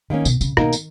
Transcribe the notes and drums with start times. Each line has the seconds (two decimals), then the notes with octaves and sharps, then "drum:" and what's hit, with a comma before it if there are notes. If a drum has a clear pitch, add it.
0.10 D#3 A#3 C#4
0.25 B2, drum: tambourine
0.41 C#3, drum: tambourine
0.57 B2 D#3 A#3 D#4 A#4, drum: rim click
0.73 drum: tambourine